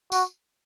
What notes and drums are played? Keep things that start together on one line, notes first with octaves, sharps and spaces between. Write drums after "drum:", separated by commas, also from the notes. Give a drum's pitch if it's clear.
F#4, drum: tambourine